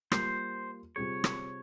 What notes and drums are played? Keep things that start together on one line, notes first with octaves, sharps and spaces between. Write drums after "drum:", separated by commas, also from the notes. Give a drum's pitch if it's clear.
G3 A#3 F4 C5, drum: rim click
C3 G3 C4 F4 G#4 C#5
drum: rim click